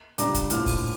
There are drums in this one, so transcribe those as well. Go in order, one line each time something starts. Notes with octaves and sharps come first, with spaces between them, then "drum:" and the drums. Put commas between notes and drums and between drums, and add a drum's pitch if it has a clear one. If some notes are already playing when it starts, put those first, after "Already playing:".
C#2 C#3 G3 D4 A#5 D6, drum: hi-hat
drum: kick, hi-hat
A#1 A2 F3 D6 F6, drum: hi-hat
drum: kick, open hi-hat